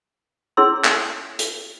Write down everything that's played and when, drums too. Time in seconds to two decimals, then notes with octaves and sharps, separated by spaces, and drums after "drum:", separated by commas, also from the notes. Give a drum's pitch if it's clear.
0.57 C#4 E4 G#4 C#5 C6 E6
0.84 drum: clap
1.39 drum: hi-hat